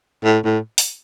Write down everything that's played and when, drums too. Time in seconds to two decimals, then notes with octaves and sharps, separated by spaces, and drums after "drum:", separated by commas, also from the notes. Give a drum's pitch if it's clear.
0.24 A2
0.45 A2
0.78 drum: open hi-hat